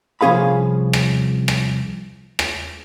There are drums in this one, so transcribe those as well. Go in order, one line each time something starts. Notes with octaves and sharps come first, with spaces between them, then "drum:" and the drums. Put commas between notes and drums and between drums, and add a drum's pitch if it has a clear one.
C2 F3 C#4 G#4 F5 B5
drum: rim click
drum: rim click
drum: rim click